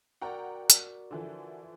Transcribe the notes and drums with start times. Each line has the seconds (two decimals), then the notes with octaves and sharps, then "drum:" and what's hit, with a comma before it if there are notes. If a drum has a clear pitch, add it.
0.21 F#4 A#4 D5 F#5 G5 A#5
0.70 drum: hi-hat
1.11 D3 E3 F3